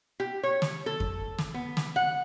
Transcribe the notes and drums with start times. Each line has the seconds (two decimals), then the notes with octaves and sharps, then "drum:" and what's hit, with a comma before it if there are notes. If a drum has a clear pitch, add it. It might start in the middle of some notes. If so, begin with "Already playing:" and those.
0.20 G4
0.43 C#5
0.62 drum: snare
0.86 A4
1.00 drum: kick F2
1.38 drum: snare
1.54 B3
1.77 drum: snare
1.96 F#5